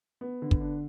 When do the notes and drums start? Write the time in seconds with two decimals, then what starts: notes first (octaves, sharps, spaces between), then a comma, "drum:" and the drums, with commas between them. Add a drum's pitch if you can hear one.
0.21 B3
0.42 D3
0.51 drum: kick
0.61 D4